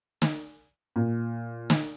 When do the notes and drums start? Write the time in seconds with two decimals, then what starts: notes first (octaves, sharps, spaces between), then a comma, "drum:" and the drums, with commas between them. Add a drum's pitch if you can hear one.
0.22 drum: snare
0.96 A#2
1.70 drum: snare